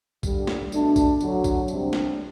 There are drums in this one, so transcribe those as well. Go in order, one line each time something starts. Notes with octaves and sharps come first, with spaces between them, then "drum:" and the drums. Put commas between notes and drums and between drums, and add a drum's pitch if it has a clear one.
G2 D3 G3, drum: kick B1, tambourine
drum: snare
B2 A3 D4, drum: tambourine
drum: kick B1, tambourine
D2 D3 F#3, drum: tambourine
drum: kick B1, tambourine
C3 G3 D4, drum: tambourine
drum: snare